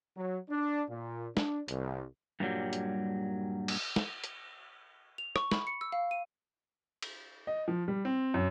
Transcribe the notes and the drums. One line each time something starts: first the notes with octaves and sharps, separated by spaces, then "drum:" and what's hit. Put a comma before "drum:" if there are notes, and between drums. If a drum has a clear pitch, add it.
F#3
D4
A#2
D4, drum: snare
C2, drum: hi-hat
G2 A#2 F#3 G3
drum: hi-hat
drum: cymbal
drum: snare
drum: hi-hat
F7
C#6, drum: rim click
B5, drum: snare
C#7
E6
F5
D#7
drum: cymbal
D#5
F3
G3
C4
F#2